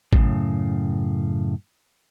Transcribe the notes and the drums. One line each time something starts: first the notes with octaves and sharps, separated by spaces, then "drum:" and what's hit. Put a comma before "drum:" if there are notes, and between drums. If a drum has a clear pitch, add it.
F#2 A2 C#3, drum: kick A1